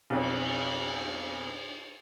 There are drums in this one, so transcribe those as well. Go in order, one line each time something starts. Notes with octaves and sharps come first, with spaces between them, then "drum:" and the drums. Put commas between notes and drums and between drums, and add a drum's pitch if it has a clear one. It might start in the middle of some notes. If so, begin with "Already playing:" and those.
B1 F2, drum: cymbal